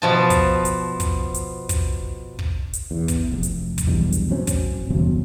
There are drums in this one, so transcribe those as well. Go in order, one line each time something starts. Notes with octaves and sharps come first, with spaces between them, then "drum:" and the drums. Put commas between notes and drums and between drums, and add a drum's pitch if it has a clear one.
B2 F3 A5
drum: kick, hi-hat
drum: hi-hat
drum: kick, hi-hat
drum: hi-hat
drum: kick, hi-hat
drum: kick
drum: hi-hat
E2
drum: kick, hi-hat
F1
drum: hi-hat
drum: kick, hi-hat
B1 E2 G2
drum: hi-hat
A2 F#3 C4 C#4
drum: kick, hi-hat
G1 E2 C3 F#3